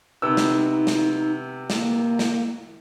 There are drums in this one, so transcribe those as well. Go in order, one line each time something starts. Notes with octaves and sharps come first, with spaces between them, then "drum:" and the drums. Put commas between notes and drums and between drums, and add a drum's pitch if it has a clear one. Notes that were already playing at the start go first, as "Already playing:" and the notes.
C3 B3 D#4 E6
drum: snare
drum: snare
A#3, drum: snare
drum: snare